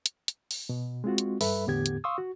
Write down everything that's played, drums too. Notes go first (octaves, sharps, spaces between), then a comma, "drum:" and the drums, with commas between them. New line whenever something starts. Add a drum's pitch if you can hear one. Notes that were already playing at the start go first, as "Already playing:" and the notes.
drum: hi-hat
drum: hi-hat
drum: open hi-hat
B2
G#3 C4 F4 F#4
drum: hi-hat
G2 G3 A4 B4 E5 B5, drum: open hi-hat
E2 A2 D3 B3 G4 G#6
drum: hi-hat
F5 C6 C#6 D#6 E6
F#4